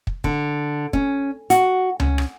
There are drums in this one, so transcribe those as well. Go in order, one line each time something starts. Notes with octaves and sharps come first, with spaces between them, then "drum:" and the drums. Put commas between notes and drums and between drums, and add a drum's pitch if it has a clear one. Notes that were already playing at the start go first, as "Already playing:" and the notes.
drum: kick
D3, drum: kick
C#4, drum: kick
F#4, drum: hi-hat
C#4, drum: tom C#2
drum: rim click